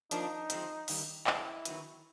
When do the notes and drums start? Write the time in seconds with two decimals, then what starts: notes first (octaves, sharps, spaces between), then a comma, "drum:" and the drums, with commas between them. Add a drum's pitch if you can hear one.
0.11 F3 A#3 D4 D#4, drum: hi-hat
0.50 F3 G#3 C4, drum: hi-hat
0.88 G2 D#3 G3, drum: open hi-hat
1.27 F2 C#3 G#3 B3 E4, drum: clap
1.65 D#3 F#3 B3, drum: hi-hat